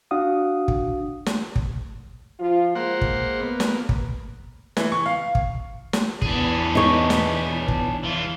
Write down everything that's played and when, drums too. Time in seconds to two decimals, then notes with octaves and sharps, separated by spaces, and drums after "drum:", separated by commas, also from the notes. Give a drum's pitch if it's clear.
0.11 D4 F#4 F5 F#5 D#6
0.68 drum: kick
1.26 drum: snare
1.56 drum: kick
2.39 F3 F4
2.75 G#3 A#3 C5 F#5
3.01 drum: kick
3.41 A#3 B3
3.60 drum: snare
3.89 drum: kick
4.77 E3, drum: snare
4.92 C#6
5.06 F5
5.35 drum: kick
5.93 drum: snare
6.22 E2 E3 B3 D4 G#4, drum: kick
6.75 D#4 C#5
7.10 drum: snare
7.68 drum: kick
8.04 E2 E3 F4